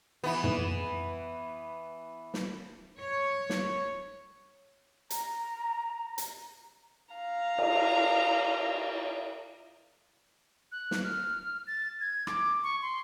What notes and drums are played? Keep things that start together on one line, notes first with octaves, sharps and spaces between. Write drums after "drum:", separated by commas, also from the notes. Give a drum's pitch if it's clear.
E3 B3
drum: tom
drum: snare
C#5
drum: snare
A#5, drum: hi-hat
drum: hi-hat
F5 A#5
drum: cymbal
F#6
drum: snare
F6
A6
G#6
D6, drum: rim click
C#6
C6